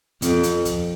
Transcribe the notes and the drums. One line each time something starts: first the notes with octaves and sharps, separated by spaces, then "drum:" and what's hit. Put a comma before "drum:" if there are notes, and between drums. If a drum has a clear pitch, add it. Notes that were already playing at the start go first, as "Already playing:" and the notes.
F2, drum: hi-hat
drum: hi-hat
drum: kick, hi-hat